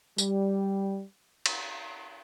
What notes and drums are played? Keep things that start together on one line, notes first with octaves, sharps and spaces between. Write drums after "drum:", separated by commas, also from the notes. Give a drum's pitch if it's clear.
G3, drum: tambourine
drum: cymbal